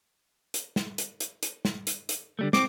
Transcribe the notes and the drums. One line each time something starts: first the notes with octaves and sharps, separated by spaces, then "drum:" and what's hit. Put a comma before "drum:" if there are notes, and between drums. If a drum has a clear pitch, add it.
drum: hi-hat
drum: snare
drum: hi-hat
drum: hi-hat
drum: hi-hat
drum: snare
drum: hi-hat
drum: hi-hat
D3 G3 A3
C4 D6, drum: snare